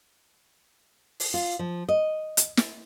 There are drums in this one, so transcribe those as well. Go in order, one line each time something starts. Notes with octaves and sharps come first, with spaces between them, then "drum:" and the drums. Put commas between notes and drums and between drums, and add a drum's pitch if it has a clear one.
drum: open hi-hat
F4
F3
D#5
drum: hi-hat
drum: snare